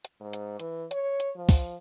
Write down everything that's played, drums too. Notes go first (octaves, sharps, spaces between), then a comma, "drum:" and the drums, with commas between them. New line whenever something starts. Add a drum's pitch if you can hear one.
drum: hi-hat
G#2
drum: hi-hat
E3, drum: hi-hat
C#5, drum: hi-hat
drum: hi-hat
F3
drum: kick C#2, open hi-hat